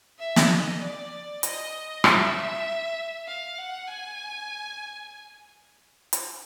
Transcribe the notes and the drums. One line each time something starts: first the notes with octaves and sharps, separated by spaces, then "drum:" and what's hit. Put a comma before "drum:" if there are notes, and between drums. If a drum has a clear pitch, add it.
E5
drum: snare
D#5
D5
D#5, drum: hi-hat
E5, drum: rim click
F5
F#5
G#5
drum: hi-hat